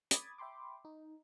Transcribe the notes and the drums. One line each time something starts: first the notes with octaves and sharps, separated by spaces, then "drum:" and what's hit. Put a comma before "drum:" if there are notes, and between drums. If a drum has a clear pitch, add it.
B5 D6 D#6 G#6 A6, drum: hi-hat
E5 G5 B5 C6 D6
D#4